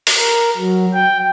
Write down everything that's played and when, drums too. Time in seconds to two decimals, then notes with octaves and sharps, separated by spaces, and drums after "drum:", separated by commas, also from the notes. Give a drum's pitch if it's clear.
0.07 drum: open hi-hat
0.17 A#4
0.57 F#3
0.93 G5